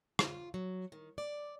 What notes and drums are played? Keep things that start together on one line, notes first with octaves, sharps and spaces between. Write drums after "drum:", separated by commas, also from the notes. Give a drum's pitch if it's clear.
F4, drum: rim click
F#3
D#3
D5